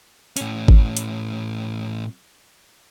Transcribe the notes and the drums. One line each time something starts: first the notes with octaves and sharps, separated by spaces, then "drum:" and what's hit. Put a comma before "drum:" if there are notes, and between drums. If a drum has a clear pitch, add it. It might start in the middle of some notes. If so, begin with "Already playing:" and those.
A2 C#4, drum: hi-hat
drum: kick G#1
drum: hi-hat